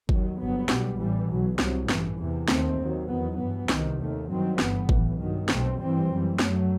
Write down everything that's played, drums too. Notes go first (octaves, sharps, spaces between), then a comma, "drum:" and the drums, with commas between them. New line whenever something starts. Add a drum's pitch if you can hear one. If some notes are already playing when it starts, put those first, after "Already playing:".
D#2 D#3 F#3, drum: kick G1
G1 G2 F#3 B3
B1 B2 G3, drum: snare
A1 A2 E3 G3
B1 B2 F#3
C2 C3 F#3, drum: snare
A1 G2 E3, drum: snare
E2 C3 E3
D#2 D#3 A3 C4, drum: snare
D#2 D#3 F#3
E2 D#3 F#3 B3
G2 E3 B3
C2 C3 D#3, drum: snare
D#2 D#3 A3
G2 D#3 F#3 C4
G1 G2 E3 B3, drum: snare
B1 A2 E3, drum: kick G1
G2 D#3 F#3
B1 B2 A3 C4, drum: snare
G2 E3 G3 C4
F#2 E3 G3
F#2 F#3 A3, drum: snare